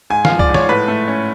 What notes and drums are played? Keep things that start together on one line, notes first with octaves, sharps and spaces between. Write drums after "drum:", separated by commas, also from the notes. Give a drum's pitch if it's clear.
G#2 G#5
F3 F5, drum: snare
D5, drum: kick C#2
G#2
C#5, drum: snare
A2 B4
A3
C#4